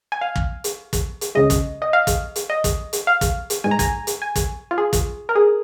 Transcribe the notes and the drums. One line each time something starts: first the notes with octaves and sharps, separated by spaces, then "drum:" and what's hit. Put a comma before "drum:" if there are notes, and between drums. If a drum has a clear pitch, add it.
G#5
F5
drum: kick
drum: hi-hat
drum: kick, hi-hat
drum: hi-hat
C#2 C#3 G#3 D#5
drum: kick, hi-hat
D#5
F5
drum: kick, hi-hat
drum: hi-hat
D#5
drum: kick, hi-hat
drum: hi-hat
F5
drum: kick, hi-hat
drum: hi-hat
G#2 G#3 G#5
A#5
G#5, drum: kick, hi-hat
drum: hi-hat
G#5
drum: kick, hi-hat
F4
G#4
drum: kick, hi-hat
A#4
G#4